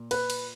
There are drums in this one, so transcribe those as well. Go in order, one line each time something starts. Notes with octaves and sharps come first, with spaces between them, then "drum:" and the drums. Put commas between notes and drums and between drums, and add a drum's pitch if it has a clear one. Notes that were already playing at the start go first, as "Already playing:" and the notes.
Already playing: A#2
B4, drum: cymbal
drum: cymbal